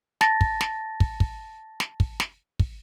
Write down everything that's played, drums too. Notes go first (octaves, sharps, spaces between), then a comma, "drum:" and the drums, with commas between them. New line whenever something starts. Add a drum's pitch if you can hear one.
A5 A6 A#6, drum: snare
drum: kick
drum: snare
drum: kick
drum: kick
drum: snare
drum: kick
drum: snare
drum: kick